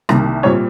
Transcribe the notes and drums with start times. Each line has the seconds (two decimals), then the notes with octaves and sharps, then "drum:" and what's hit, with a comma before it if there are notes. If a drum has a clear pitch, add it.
0.09 C2 C3 D#3 G3 A#3, drum: rim click
0.43 A#2 G3 C4 C#5